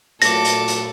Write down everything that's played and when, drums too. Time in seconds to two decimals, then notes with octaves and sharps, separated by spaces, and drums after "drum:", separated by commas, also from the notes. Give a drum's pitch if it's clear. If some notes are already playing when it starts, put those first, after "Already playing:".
0.22 A#2 F#3 A3 A4 D6 A#6, drum: hi-hat
0.45 drum: hi-hat
0.68 drum: hi-hat